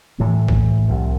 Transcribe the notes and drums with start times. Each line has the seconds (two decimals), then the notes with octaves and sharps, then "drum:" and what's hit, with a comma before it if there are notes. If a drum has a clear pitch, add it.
0.18 A2 E3 A#3
0.48 drum: kick
0.88 C2 C3 F3